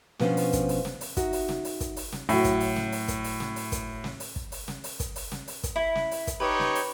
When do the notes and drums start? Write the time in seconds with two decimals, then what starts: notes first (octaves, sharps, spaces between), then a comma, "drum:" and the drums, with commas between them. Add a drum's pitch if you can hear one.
0.19 B2 F3 B3 C#4 D4 C5, drum: snare
0.37 drum: open hi-hat
0.53 drum: kick, hi-hat
0.69 drum: open hi-hat
0.85 drum: snare
1.01 drum: open hi-hat
1.17 D#4 F#4 E5, drum: kick, hi-hat
1.33 drum: open hi-hat
1.49 drum: snare
1.65 drum: open hi-hat
1.81 drum: kick, hi-hat
1.96 drum: open hi-hat
2.12 drum: snare
2.29 A2 F#3, drum: open hi-hat
2.44 drum: kick, hi-hat
2.60 drum: open hi-hat
2.76 drum: snare
2.92 drum: open hi-hat
3.08 drum: kick, hi-hat
3.24 drum: open hi-hat
3.40 drum: snare
3.56 drum: open hi-hat
3.72 drum: kick, hi-hat
4.04 drum: snare
4.20 drum: open hi-hat
4.36 drum: kick
4.52 drum: open hi-hat
4.68 drum: snare
4.84 drum: open hi-hat
5.00 drum: kick, hi-hat
5.16 drum: open hi-hat
5.32 drum: snare
5.48 drum: open hi-hat
5.64 drum: kick, hi-hat
5.76 E4
5.95 drum: snare
6.11 drum: open hi-hat
6.27 drum: kick, hi-hat
6.40 D#4 G4 B4 C#5
6.59 drum: snare
6.75 drum: open hi-hat